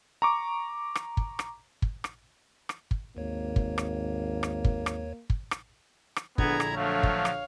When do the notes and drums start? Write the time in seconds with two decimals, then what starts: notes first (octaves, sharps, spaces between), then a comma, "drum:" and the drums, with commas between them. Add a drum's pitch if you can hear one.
0.22 A#5 C#6 D6
0.95 drum: rim click
1.17 drum: kick
1.39 drum: rim click
1.82 drum: kick
2.04 drum: rim click
2.69 drum: rim click
2.91 drum: kick
3.17 G#1 D#2 A#3 C#5
3.56 drum: kick
3.78 drum: rim click
4.43 drum: rim click
4.64 drum: kick
4.86 drum: rim click
5.30 drum: kick
5.51 drum: rim click
6.16 drum: rim click
6.38 A#1 D3 B3 E4 G#4 A#5 G#6, drum: kick
6.60 drum: rim click
6.75 F3 F#3 A3 C#5 F5
7.03 drum: kick
7.25 drum: rim click